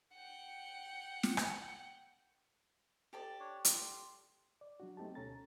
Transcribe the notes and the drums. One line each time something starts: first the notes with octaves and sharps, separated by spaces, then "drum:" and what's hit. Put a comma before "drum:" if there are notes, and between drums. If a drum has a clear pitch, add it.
F#5 G5
drum: snare
drum: rim click
G4 A4 D5
D4 C#5
C6, drum: hi-hat
D5
F#3 D4 F#4
A3 C4 D#4 G4 A5
D2 B2 C#4 A4 A#5 A6